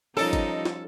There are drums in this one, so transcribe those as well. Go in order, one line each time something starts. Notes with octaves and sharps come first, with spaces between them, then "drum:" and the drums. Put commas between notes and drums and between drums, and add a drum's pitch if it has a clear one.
F3 G3 C#4 D#4 A4 A#4 D#5
drum: kick G1, hi-hat
drum: snare